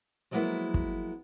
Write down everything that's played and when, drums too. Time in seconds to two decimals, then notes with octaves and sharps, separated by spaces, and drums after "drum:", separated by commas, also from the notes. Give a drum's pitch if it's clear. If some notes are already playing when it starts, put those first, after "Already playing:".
0.31 F3 F#3 G#3 A#3 B3 E4
0.74 drum: kick